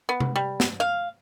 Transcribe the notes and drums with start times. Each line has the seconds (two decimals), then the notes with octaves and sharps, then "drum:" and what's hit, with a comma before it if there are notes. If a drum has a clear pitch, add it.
0.09 B3
0.20 drum: tom C3
0.36 G3
0.60 drum: snare
0.80 F5